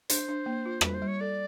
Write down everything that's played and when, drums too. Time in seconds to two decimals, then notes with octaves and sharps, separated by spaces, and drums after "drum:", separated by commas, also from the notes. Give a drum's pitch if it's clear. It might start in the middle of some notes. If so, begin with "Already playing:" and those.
0.10 D4 C5, drum: hi-hat
0.29 D4
0.46 A#3
0.66 F4
0.81 G3 B4, drum: rim click
0.94 C5
1.02 G3
1.07 C#5
1.20 A4 D5